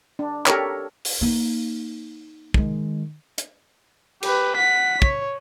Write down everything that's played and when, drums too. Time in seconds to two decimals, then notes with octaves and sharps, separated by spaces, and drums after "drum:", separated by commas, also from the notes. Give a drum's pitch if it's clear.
0.19 D4
0.46 G4 A4 A#4 C#5, drum: clap
1.05 drum: open hi-hat
1.21 A#3 D#4
2.54 D#3 G#3, drum: kick
3.38 drum: hi-hat
4.23 G4 B4, drum: cymbal
4.56 F#5 B6
5.02 C#5, drum: kick